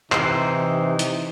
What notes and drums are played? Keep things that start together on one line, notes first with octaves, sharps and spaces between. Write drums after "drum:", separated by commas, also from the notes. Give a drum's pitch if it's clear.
C3 E3 D#4 C5, drum: clap
drum: hi-hat